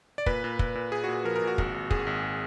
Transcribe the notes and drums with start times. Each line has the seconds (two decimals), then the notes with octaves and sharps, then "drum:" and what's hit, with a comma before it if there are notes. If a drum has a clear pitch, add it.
0.18 D5
0.26 A#2 B4, drum: kick
0.44 A#2
0.59 A#2, drum: kick
0.75 A#2
0.92 A#2 G#4
1.04 A#2 F#4
1.14 G#4
1.25 F3 A#4
1.36 A#4
1.42 A#2
1.47 F#4
1.58 G#1, drum: kick
1.74 G#1
1.91 G#1 G#4, drum: kick
2.07 G#1